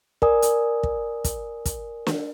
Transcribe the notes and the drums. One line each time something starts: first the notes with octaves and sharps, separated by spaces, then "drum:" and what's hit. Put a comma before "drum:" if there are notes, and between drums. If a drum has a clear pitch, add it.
A#4 D5 G#5 D#6, drum: kick
drum: hi-hat
drum: kick
drum: kick, hi-hat
drum: kick, hi-hat
drum: snare